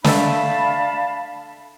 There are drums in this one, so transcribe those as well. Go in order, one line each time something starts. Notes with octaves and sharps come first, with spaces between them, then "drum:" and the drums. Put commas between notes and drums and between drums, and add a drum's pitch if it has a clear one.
A3 D4 E5 F5 A5 B5, drum: snare